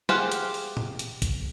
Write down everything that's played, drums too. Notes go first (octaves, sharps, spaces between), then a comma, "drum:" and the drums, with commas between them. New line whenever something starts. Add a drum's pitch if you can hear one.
G4 G#4 C5 F5 F#5, drum: snare
drum: hi-hat
drum: open hi-hat
drum: tom A2
drum: hi-hat
drum: kick A1, hi-hat